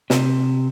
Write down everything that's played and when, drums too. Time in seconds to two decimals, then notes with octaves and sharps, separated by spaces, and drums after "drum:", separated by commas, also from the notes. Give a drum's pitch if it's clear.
0.10 C3, drum: snare